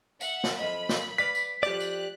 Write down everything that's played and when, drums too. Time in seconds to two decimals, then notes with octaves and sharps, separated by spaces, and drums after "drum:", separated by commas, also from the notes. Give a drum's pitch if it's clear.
0.21 E5 F#5, drum: tambourine
0.44 drum: snare
0.59 F2 D#5 B5
0.89 drum: snare
1.18 B4 D5 F5 B6
1.35 drum: tambourine
1.63 F2 G4 D5 G5 D6 F#6
1.80 drum: tambourine